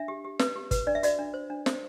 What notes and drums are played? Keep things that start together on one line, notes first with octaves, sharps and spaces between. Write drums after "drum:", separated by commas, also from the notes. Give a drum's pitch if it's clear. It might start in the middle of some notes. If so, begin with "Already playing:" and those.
Already playing: D4 E5
G4
G4
B4, drum: snare
G4
B4, drum: kick, hi-hat
D4 D5
E5
F#4 D5, drum: hi-hat
D4
C5
D4
C5, drum: snare